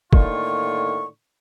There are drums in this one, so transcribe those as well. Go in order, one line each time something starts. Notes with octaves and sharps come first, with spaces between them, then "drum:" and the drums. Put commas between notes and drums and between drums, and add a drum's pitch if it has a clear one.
A2 D3 D#3 A#3 F4 C#6, drum: kick